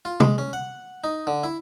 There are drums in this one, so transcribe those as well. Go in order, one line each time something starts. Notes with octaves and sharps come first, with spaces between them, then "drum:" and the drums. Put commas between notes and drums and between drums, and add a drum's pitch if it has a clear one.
F4
G#3, drum: tom C3
C#4
F#5
D#4
D3
E4